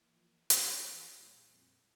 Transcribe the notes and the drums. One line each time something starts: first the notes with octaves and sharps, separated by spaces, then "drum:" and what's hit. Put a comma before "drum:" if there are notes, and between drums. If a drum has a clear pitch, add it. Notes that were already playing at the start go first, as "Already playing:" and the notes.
Already playing: E3 A#3 E4
F3
C#3 F3 A#3 C#4 E4, drum: hi-hat
E3
A#2 G3 A#3 E4 G#4
F2